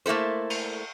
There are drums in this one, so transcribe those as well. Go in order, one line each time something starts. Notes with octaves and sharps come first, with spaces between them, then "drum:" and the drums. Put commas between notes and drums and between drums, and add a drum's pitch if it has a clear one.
A3 A#3 E4 A4 C5
drum: cymbal